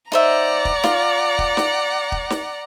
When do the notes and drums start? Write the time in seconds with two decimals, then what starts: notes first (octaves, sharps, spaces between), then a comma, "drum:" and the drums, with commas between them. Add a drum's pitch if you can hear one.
0.12 D#4 C5 D5 E5 F#5 A#5
0.65 drum: kick
0.84 F4, drum: snare
1.39 drum: kick
1.57 drum: snare
2.12 drum: kick
2.30 drum: snare